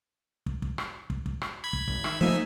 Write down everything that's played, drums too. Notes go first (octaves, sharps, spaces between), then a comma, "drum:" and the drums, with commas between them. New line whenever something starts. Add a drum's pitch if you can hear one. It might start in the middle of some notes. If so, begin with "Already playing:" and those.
drum: kick
drum: kick
drum: rim click
drum: kick
drum: kick
drum: rim click
B5 G#6
drum: kick
G#1, drum: kick
D#3 E5, drum: rim click
F3 A3 A#3 D#4 E5 G#5